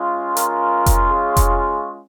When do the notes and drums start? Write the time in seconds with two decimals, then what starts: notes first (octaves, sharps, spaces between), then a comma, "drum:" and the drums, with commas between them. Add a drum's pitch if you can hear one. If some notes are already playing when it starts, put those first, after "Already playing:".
Already playing: G#3 C#4 F4
0.37 A#4, drum: hi-hat
0.86 drum: kick F1, hi-hat
1.11 G#4 C#5
1.37 drum: kick F1, hi-hat